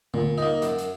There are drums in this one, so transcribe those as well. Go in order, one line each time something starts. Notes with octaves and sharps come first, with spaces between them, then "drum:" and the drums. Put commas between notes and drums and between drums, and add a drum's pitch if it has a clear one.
A#2, drum: tom
A#3 D#4
F#2, drum: hi-hat
drum: hi-hat